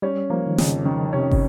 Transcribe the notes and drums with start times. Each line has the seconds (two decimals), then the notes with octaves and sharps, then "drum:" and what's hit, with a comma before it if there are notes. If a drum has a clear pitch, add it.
0.02 G3 C#4
0.30 F3 A#3
0.47 D#3
0.58 F2 C#3, drum: snare
0.85 D#3
1.13 C3 C#4
1.31 drum: kick